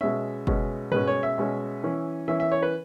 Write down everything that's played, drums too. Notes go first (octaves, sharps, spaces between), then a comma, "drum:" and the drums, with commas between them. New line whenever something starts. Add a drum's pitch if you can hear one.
B2 G#3 C#4 E5
B2 G#3 C#4, drum: kick
B2 G#3 C#4 B4, drum: tom
C#5
E5
B2 G#3 C#4
E3 C#4
E3 C#4 E5
E5
C#5
B4